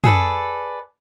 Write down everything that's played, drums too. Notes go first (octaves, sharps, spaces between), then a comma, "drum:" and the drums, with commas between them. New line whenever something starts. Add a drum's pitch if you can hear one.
G#4 A4 B4 D5, drum: tom